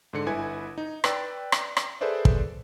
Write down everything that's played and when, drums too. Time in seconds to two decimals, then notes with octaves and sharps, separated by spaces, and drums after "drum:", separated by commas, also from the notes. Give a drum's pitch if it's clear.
0.13 G#2 D3 C#7
0.26 G1 E4 B4 G#5 G#6
0.78 D#4
1.04 B4 D5 G5 E6 A6, drum: rim click
1.52 drum: rim click
1.77 drum: rim click
2.01 G#4 A4 B4 C5 D5 E5
2.25 drum: kick